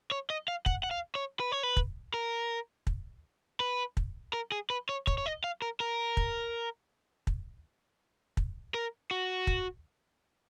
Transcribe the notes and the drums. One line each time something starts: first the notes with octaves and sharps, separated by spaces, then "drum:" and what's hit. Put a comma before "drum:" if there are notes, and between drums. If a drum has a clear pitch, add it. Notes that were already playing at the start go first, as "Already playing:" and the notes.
C#5
D#5
F5
F#5, drum: kick
F#5
F5
C#5
B4
C#5
B4
drum: kick
A#4
drum: kick
B4
drum: kick
A#4
G#4
B4
C#5
C#5, drum: kick
C#5
D#5
F5
A#4
A#4
drum: kick
drum: kick
drum: kick
A#4
F#4
drum: kick